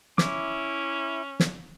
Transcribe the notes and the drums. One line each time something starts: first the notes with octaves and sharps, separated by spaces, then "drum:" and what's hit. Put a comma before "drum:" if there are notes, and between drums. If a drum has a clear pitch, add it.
C#4 E4 D6, drum: snare
drum: snare